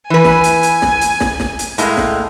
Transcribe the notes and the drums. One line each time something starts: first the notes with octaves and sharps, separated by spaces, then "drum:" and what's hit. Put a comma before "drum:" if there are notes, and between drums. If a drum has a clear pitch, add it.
E3 B4 G#5
drum: snare
drum: hi-hat
drum: hi-hat
drum: snare
drum: hi-hat
drum: snare
drum: snare
drum: hi-hat
A2 G#3 A#3, drum: hi-hat
drum: snare